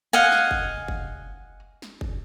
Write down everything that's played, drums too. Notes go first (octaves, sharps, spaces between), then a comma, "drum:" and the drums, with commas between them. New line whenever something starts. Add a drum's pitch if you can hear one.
D#5 F5 F#5 G#5
drum: snare
drum: kick
drum: kick
drum: snare
drum: kick